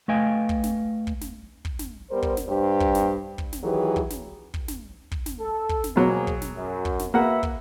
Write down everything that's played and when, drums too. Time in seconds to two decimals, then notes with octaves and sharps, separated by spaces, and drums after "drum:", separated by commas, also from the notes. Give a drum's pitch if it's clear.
0.08 A3 B4 D#5 F5 G5 G#5
0.49 drum: kick
0.64 drum: snare
1.07 drum: kick
1.21 drum: snare
1.65 drum: kick
1.79 drum: snare
2.11 G3 B3 A#4 C5
2.22 drum: kick
2.37 drum: snare
2.49 G2 G4 C5
2.80 drum: kick
2.95 drum: snare
3.38 drum: kick
3.53 drum: snare
3.63 D#3 E3 F#3 G4 G#4 B4
3.96 drum: kick
4.10 drum: snare
4.54 drum: kick
4.68 drum: snare
5.12 drum: kick
5.26 drum: snare
5.40 A4
5.69 drum: kick
5.84 drum: snare
5.96 B2 F#3 A#3 C4 G#4
6.27 drum: kick
6.42 drum: snare
6.56 F#2
6.85 drum: kick
6.99 drum: snare
7.14 A#3 F#4 B4 E5 F#5
7.43 drum: kick